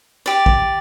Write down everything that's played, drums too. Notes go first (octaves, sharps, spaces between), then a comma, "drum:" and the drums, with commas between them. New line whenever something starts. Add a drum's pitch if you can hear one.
G4 D5
drum: kick